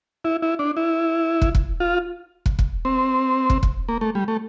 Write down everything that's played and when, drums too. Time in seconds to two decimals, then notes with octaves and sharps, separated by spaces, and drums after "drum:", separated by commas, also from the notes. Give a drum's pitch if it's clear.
0.25 E4
0.42 E4
0.59 D4
0.77 E4
1.42 drum: kick
1.55 drum: kick
1.80 F4
2.46 drum: kick
2.59 drum: kick
2.85 C4
3.50 drum: kick
3.63 drum: kick
3.89 A#3
4.01 A3
4.15 G3
4.28 A3